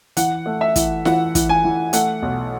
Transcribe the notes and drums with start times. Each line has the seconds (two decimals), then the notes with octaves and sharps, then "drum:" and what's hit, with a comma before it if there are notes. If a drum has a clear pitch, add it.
0.17 E3 F#5, drum: hi-hat
0.46 A3
0.61 E5
0.76 E3, drum: kick, hi-hat
1.05 E3 F#5, drum: snare F4
1.35 E3, drum: kick, hi-hat
1.49 G#5
1.64 E3
1.93 A3 F#5, drum: hi-hat
2.22 B1